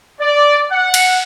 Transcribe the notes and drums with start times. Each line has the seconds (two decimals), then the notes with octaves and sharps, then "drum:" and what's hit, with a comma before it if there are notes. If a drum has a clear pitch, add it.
0.21 D5
0.72 F#5
0.94 drum: cymbal